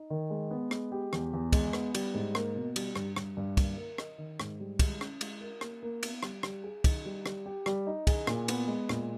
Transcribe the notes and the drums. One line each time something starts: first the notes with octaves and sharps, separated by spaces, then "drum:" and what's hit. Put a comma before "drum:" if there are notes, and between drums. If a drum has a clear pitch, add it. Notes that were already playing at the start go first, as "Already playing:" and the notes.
Already playing: D#4
D#3
G#3
B3
G#3, drum: rim click
G4
E2, drum: rim click
E2
G#3, drum: kick, cymbal
B3, drum: rim click
G3, drum: cymbal
G#2
A#3, drum: rim click
B2
G3, drum: cymbal
G2, drum: rim click
G2, drum: rim click
G2
A#3, drum: kick, cymbal
A#4
D#5, drum: rim click
D#3
G#2, drum: rim click
G3
G#3, drum: kick, cymbal
C#4, drum: rim click
G#3, drum: cymbal
A#4
A#3, drum: rim click
A#3
B3, drum: cymbal
G3, drum: rim click
G3, drum: rim click
G#4
D#4, drum: kick, cymbal
G3
G3, drum: rim click
G4
G3, drum: rim click
D#4
G#4, drum: kick, cymbal
A#2, drum: rim click
B3, drum: cymbal
G#3
A#2, drum: rim click